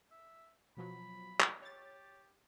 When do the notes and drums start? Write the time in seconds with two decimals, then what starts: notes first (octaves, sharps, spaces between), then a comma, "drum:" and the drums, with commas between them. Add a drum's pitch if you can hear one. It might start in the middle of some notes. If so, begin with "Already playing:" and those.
0.11 E5
0.77 B2 F3 F#3 B5
1.40 drum: clap
1.62 G4 C#5 A6